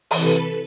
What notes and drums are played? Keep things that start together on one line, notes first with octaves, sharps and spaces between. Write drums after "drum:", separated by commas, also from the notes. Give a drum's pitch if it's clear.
C3 E3 A4 B4, drum: open hi-hat